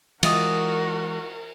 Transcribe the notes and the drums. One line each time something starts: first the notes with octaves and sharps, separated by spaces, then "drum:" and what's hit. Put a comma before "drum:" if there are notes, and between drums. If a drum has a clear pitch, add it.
E3 G#3 F4 F#4 A#4 D#5 D#6, drum: cymbal